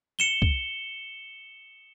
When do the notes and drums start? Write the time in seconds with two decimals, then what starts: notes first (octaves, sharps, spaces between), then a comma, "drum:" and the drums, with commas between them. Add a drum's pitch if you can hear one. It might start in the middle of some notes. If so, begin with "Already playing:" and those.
0.19 C#7 E7 G7
0.42 drum: kick